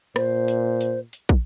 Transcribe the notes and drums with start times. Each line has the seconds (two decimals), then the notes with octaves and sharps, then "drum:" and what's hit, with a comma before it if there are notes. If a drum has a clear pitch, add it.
0.16 A#2 C5, drum: rim click
0.48 drum: hi-hat
0.81 drum: hi-hat
1.13 drum: hi-hat
1.29 drum: kick